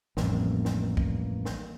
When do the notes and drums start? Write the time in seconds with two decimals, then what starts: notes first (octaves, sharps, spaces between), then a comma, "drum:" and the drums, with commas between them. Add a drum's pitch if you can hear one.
0.17 A1 F2 E3 G3 A#3, drum: snare
0.65 drum: snare
0.97 drum: kick
1.45 drum: snare